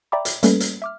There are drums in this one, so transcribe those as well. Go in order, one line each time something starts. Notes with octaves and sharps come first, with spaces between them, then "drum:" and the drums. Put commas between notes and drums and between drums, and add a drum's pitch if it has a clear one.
D5 E5 G5 A#5 B5 D6
drum: hi-hat
G3 A3 A#3 C#4 A4 B4, drum: hi-hat
drum: hi-hat
E5 D6 F6